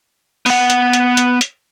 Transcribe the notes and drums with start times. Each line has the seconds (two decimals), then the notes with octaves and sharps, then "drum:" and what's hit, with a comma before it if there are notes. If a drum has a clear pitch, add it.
0.46 B3 F#5, drum: open hi-hat
0.70 drum: hi-hat
0.93 drum: hi-hat
1.17 drum: hi-hat
1.41 drum: hi-hat